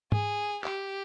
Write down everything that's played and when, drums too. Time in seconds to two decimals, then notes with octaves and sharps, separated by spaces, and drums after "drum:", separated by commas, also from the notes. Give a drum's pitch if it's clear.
0.12 G#4, drum: tom
0.64 G4, drum: clap